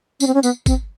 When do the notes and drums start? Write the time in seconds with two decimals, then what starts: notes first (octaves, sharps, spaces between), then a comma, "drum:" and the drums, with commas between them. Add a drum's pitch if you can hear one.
0.20 C#4, drum: tambourine
0.27 C4
0.34 C#4
0.43 B3, drum: tambourine
0.66 C4, drum: kick G#1, tambourine